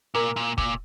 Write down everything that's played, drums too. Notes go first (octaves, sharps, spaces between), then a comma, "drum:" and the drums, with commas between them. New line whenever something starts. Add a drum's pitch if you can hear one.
A#2 A#4
A#2
A#2, drum: kick